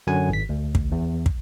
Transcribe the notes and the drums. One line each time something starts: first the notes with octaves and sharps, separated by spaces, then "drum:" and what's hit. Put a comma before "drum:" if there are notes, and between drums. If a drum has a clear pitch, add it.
F#2 D3 F#3 F#5 G#5
G#1 B6
D2
drum: kick
E2
drum: kick